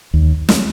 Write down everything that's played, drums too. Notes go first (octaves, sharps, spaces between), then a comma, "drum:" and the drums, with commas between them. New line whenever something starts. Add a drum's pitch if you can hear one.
D#2
drum: snare